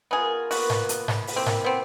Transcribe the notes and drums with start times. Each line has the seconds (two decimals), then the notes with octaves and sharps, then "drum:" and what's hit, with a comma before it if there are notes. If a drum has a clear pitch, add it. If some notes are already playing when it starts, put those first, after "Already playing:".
0.11 B3 F4 G#4 A#4 C#6
0.51 A#3 B3 F#4, drum: open hi-hat
0.70 drum: snare G#2
0.89 drum: hi-hat
1.08 drum: snare G#2
1.27 drum: open hi-hat
1.36 A#3 C4 E4 G4
1.47 drum: snare G#2
1.64 B3 C4